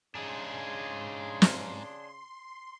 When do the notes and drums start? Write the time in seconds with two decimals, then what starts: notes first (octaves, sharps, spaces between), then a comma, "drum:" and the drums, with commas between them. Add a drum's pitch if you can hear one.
0.15 G#2 C#3 D4 D#4 G#4 C6
1.42 drum: snare